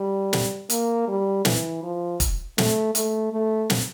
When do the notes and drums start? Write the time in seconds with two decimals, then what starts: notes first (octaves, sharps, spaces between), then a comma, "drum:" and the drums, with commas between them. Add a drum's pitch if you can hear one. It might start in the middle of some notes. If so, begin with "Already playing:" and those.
Already playing: G3
0.33 drum: snare
0.70 A#3, drum: hi-hat
1.07 G3
1.45 E3, drum: snare
1.83 F3
2.20 drum: kick, hi-hat
2.58 A3, drum: snare
2.95 A3, drum: hi-hat
3.32 A3
3.70 drum: snare